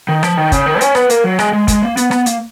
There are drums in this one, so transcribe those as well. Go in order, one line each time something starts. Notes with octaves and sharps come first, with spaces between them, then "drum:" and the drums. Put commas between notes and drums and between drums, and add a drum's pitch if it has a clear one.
D#3
F3, drum: rim click
D#3
C#3, drum: kick, hi-hat
D#3
C#4, drum: hi-hat
B3, drum: rim click
A#3, drum: hi-hat
F#3
G#3, drum: rim click
G#3
G#3, drum: kick, hi-hat
A#3
B3, drum: hi-hat
B3, drum: rim click
A#3, drum: hi-hat